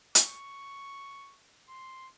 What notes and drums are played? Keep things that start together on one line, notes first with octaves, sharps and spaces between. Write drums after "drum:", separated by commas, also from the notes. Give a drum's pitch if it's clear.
C#6, drum: hi-hat
C6